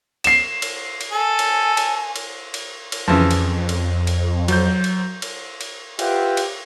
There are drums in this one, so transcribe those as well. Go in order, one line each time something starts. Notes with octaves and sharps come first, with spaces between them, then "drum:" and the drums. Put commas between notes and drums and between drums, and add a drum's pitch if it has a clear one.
C7 E7, drum: cymbal
drum: cymbal
drum: cymbal
A4 G#5
drum: cymbal
drum: cymbal
drum: cymbal
drum: cymbal
drum: cymbal
F2 C#3 E3 F3
drum: cymbal
drum: cymbal
drum: cymbal
F#3 C5 G6, drum: cymbal
drum: cymbal
drum: cymbal
drum: cymbal
F4 G4 B4 E5 F#5 G5, drum: cymbal
drum: cymbal